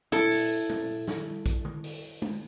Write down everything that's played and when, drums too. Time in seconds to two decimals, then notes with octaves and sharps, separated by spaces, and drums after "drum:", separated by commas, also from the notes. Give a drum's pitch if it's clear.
0.12 E4 A4, drum: tom A#2
0.31 drum: open hi-hat
0.69 drum: tom A#2
1.08 drum: snare
1.46 drum: kick A#1, hi-hat
1.65 drum: tom C#3
1.84 drum: open hi-hat
2.22 drum: tom G#3